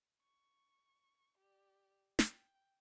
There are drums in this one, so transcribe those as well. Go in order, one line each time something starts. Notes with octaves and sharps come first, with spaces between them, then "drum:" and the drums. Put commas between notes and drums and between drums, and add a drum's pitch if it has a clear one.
C#6
G4 D5
G5, drum: snare